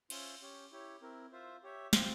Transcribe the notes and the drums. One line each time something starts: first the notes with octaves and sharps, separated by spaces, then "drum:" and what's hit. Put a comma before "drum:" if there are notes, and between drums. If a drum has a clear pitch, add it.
C#4 F4 C5 E5 G#5, drum: cymbal
C#4 G4 C#5
E4 G4 C#5
C4 E4 A#4
F4 C5 E5
G4 C#5 E5
C4 F4 C5 G5, drum: snare